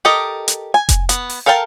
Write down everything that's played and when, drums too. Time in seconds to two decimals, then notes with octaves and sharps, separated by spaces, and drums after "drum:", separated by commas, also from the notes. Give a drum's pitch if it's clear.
0.05 G4 A4 A#4 D#5
0.48 drum: hi-hat
0.74 G#5
0.89 drum: kick F1, hi-hat
1.09 B3, drum: hi-hat
1.30 drum: open hi-hat
1.46 A4 A#4 F5 G5 A5